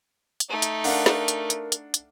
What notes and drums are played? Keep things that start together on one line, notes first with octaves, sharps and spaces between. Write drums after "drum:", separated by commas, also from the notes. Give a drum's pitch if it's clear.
drum: hi-hat
A3 D#4
drum: hi-hat
D4 A#4 F5 F#5, drum: open hi-hat
drum: snare
drum: hi-hat
drum: hi-hat
drum: hi-hat
drum: hi-hat